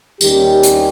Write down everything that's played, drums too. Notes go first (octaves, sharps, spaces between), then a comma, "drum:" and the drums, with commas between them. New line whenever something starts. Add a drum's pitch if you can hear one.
D#2 D#3 G3 C#4 G4, drum: tambourine
drum: hi-hat